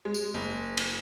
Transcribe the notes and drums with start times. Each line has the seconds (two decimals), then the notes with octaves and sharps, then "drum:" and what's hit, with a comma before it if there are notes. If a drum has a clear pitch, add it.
0.05 G#3
0.14 drum: tambourine
0.34 F#1
0.77 drum: cymbal